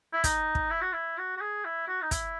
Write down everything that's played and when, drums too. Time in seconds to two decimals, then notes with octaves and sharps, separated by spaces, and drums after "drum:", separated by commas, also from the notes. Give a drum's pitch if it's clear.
0.13 E4
0.24 D#4, drum: kick, hi-hat
0.55 drum: kick
0.71 E4
0.81 F#4
0.93 E4
1.18 F#4
1.37 F#4
1.41 G#4
1.65 E4
1.88 F#4
2.02 D#4
2.11 E4, drum: kick, hi-hat